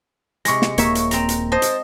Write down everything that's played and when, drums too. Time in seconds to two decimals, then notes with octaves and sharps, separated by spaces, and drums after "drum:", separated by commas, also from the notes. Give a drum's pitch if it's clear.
0.45 C3 G#3 C#6 A#6, drum: hi-hat
0.62 drum: snare
0.78 D#1 A#3 C#5 E5, drum: hi-hat
0.95 drum: hi-hat
1.11 C4 A#5, drum: hi-hat
1.29 drum: hi-hat
1.52 C5 D#5 A5
1.62 drum: hi-hat